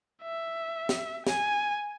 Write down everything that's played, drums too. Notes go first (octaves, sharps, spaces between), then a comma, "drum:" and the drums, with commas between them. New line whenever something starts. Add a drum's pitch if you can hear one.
E5
drum: snare
G#5, drum: snare